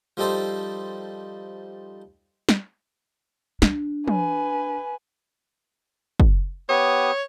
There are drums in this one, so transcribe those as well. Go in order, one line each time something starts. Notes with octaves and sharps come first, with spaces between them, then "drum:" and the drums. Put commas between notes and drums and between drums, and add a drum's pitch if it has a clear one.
F3 G3 D#4 A4 C5
drum: snare
D4, drum: snare
B4 G#5, drum: tom
drum: kick
B3 G4 C#5 D#6